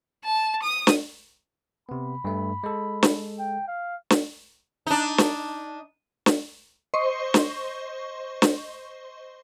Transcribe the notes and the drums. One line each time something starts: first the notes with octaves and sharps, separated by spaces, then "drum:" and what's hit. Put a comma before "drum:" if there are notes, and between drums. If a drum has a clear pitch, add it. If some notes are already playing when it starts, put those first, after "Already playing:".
A5
D#6
drum: snare
C3 B3 B5
G2 A3
G#3 A4
drum: snare
G5
F5
drum: snare
D4 D#4
drum: snare
drum: snare
C5 D#5 C6 C#6
drum: snare
drum: snare